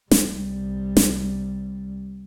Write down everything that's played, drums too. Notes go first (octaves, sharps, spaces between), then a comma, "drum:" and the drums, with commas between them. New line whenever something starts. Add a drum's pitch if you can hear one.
C2 G3, drum: snare
drum: snare